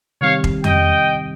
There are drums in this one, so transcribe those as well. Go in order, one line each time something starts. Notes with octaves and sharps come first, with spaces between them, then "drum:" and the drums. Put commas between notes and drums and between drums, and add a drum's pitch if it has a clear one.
C3 D#3 G3 C4 G4 C#5 F5
drum: kick E1
D#5 G5, drum: tom F2